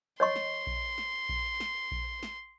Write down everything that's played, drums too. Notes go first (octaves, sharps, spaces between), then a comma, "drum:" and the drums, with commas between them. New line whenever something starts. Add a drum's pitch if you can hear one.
C#5 D#5 C6 C#6
drum: snare
drum: kick A#1
drum: snare
drum: kick A#1
drum: snare
drum: kick A#1
drum: snare